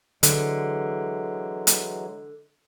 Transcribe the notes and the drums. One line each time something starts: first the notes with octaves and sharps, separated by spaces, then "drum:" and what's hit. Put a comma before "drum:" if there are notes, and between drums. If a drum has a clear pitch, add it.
D3 E3 F#3 G#3, drum: hi-hat
drum: hi-hat